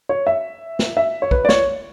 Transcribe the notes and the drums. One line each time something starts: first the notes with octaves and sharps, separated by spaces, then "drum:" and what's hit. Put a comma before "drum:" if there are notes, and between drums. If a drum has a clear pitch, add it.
C#5
E5
drum: snare
E5
C#5
B4, drum: kick
D5
C#5, drum: snare